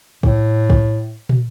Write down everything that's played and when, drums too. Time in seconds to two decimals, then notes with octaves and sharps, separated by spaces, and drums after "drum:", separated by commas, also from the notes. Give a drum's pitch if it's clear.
0.23 A2, drum: kick
0.70 drum: kick
1.29 drum: tom